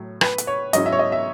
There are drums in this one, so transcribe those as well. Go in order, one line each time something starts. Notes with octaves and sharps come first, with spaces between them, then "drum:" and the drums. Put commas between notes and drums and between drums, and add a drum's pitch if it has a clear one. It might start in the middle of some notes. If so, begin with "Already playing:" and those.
Already playing: A2 F#3
B4, drum: rim click
drum: hi-hat
C#5
G#2 F#3 C#4 E4 D#5, drum: hi-hat
E5
C#5
D#5
E5